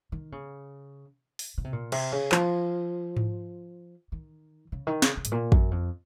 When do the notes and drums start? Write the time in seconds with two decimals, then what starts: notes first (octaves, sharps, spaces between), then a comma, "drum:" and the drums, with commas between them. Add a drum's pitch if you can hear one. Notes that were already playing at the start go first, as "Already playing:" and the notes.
0.12 D#3
0.32 C#3
1.39 drum: open hi-hat
1.58 C#3
1.64 C3
1.73 A#2
1.92 C3, drum: cymbal
2.12 C#3
2.32 F3, drum: clap
3.17 drum: tom G#2
4.12 D#3
4.72 C#3
4.87 D#3
5.02 C#3, drum: snare
5.17 C#3
5.25 G#2, drum: hi-hat
5.32 A#2
5.52 F#2, drum: kick A1
5.71 F2